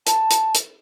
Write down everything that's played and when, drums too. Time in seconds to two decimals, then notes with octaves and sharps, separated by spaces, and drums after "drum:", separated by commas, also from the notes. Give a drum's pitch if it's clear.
0.07 A5, drum: hi-hat
0.31 drum: hi-hat
0.55 drum: hi-hat